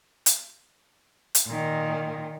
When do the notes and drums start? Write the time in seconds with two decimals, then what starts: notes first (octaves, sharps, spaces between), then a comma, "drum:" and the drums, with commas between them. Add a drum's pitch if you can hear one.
0.26 drum: hi-hat
1.35 drum: hi-hat
1.46 A#2 D#3